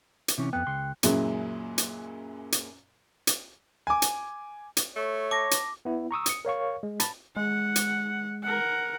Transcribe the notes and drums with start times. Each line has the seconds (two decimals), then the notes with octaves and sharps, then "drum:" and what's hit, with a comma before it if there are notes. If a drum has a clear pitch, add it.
0.28 drum: hi-hat
0.38 C3 E3 C#4
0.53 F2 B3 G5 F#6
0.67 C#2 C6
1.03 F#2 A#2 C#3 F#3 G#3 E4, drum: hi-hat
1.78 drum: hi-hat
2.52 drum: hi-hat
3.27 drum: hi-hat
3.87 G#5 D6
4.02 drum: hi-hat
4.77 drum: hi-hat
4.96 A3 C#5
5.31 A5 D6 A#6
5.51 drum: hi-hat
5.85 B3 E4
6.11 A#5 C#6 D#6 E6
6.26 D#6 C#7, drum: hi-hat
6.45 A#4 C#5 F5 C#6
6.83 G#3
7.00 A5 B5 A6, drum: hi-hat
7.37 G#3 F#5
7.76 drum: hi-hat
8.43 A#4 F#5